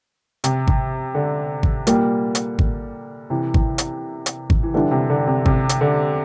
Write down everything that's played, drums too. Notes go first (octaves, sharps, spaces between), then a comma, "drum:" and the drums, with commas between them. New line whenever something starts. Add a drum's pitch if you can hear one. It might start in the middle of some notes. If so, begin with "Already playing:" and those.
C3, drum: hi-hat
drum: kick G#1
D3
drum: kick G#1
A#2 G3 A#3, drum: hi-hat
drum: hi-hat
drum: kick G#1
C3 E3
drum: kick G#1
drum: hi-hat
drum: hi-hat
drum: kick G#1
E3
D3 E3 G3 D4
C3
D3
C3
C3, drum: kick G#1
drum: hi-hat
D3